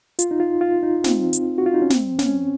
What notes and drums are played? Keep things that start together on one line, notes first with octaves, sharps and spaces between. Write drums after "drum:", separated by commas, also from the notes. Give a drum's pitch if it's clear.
F4, drum: hi-hat
D#4
F4
F4
D#4
C4, drum: snare
drum: hi-hat
F#4
F4
D#4
C#4
C4, drum: snare
C#4, drum: snare